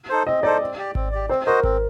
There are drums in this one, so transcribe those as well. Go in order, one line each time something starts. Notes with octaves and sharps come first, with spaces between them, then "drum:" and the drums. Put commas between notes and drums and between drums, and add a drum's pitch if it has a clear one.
D#4 A4 C5
C4 D#5
D#4 A4 C5 D5
C4
G4 D5
C4, drum: kick G#1
G4 D5
C4 C5
F#4 A#4 C5 D#5
C4, drum: kick G#1